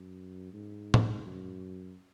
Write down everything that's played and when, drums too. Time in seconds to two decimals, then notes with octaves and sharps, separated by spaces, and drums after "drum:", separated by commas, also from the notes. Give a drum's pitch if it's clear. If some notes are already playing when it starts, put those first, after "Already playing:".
Already playing: F#2
0.53 G#2
0.94 drum: tom
1.26 F#2